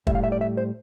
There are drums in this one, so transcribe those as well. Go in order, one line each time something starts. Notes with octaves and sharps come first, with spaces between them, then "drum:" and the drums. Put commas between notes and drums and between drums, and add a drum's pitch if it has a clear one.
A2 G3 E5, drum: kick
F5
E5
D5
E5
C5